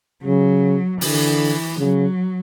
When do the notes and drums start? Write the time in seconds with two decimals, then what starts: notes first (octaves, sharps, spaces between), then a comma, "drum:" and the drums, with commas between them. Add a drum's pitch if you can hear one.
0.24 C#3 F#3
1.01 D3 E3, drum: open hi-hat
1.79 C#3 F#3